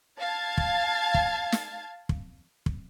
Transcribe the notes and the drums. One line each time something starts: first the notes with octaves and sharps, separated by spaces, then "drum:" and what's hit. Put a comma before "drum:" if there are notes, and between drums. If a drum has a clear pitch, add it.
F5 A5 G#6 A6
drum: kick
drum: kick
drum: snare
drum: kick
drum: kick